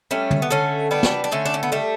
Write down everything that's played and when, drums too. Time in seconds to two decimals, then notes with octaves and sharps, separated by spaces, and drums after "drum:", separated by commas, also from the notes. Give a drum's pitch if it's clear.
0.11 G3 A3 C#4
0.31 drum: tom
0.42 B3
0.50 D3 A3 C#4
0.91 G3 B3 D4
1.03 drum: snare
1.24 D4
1.32 D3 A3 C#4
1.45 D4
1.54 C#4
1.63 B3
1.72 G3 A3